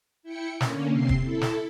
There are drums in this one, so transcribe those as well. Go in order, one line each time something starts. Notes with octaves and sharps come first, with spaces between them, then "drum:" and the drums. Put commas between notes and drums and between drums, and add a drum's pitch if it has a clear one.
E4 G5 C#7
D3 A#3 C#4, drum: snare
C3 C4 C6 C7
drum: kick
E4 A4
drum: snare